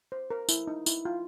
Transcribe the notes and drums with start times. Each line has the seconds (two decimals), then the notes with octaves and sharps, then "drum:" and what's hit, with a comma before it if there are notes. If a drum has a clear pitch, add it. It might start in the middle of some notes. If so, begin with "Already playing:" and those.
0.12 C5
0.30 A#4
0.49 E4, drum: tambourine
0.67 D#4
0.86 E4, drum: tambourine
1.05 F4